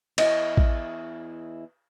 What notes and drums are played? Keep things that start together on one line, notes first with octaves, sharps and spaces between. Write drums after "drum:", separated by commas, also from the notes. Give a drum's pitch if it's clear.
E2 E4 D#5, drum: cymbal
drum: kick A1